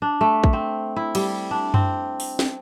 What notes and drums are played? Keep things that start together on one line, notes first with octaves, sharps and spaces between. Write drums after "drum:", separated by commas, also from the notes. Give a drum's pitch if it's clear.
D4
A3
drum: kick
C4
E4
G3, drum: cymbal
D4
C4, drum: tom F#2
drum: open hi-hat
drum: snare